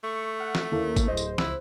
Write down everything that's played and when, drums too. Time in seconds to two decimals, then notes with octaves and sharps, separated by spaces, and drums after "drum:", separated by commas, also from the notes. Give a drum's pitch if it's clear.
0.04 A3 C#6
0.40 F#5 F6
0.55 drum: snare
0.72 D#2 A#3 C#4 E4 A4
0.96 drum: kick G#1, tambourine
1.08 D1 C5 D#5
1.17 drum: tambourine
1.38 C#2 E4 F#6, drum: snare